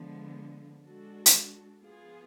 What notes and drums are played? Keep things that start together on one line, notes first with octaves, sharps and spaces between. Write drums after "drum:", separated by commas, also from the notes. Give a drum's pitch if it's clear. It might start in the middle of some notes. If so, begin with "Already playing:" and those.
Already playing: D3 F3 G#3 B3
G#3 D4 F#4 A4
drum: hi-hat
F3 B3 F4 G#4